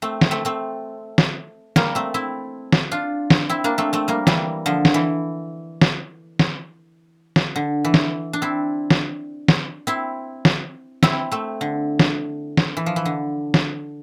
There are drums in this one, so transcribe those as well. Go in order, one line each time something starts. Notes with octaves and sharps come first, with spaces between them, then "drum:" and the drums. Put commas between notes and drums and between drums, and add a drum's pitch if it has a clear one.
A3 C4
drum: snare
A3 C4
A3 C4
drum: snare
G3 A#3, drum: snare
A3 C4
C4 E4
drum: snare
D4 F4
drum: snare
C4 E4
A#3 D4
A3 C4
A3 C4
G3 A#3
E3 G3, drum: snare
D3 F3
drum: snare
E3
drum: snare
drum: snare
drum: snare
D3
E3
drum: snare
D4
C4 E4
drum: snare
drum: snare
C4 E4
drum: snare
C4 E4, drum: snare
A3 C4
D3
drum: snare
drum: snare
E3
F3
E3
D3
drum: snare